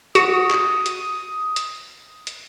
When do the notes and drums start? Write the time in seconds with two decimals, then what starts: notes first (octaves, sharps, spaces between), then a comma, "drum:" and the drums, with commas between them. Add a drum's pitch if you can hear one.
0.15 F#4 D#6, drum: hi-hat
0.50 drum: clap
0.86 drum: hi-hat
1.56 drum: hi-hat
2.27 drum: hi-hat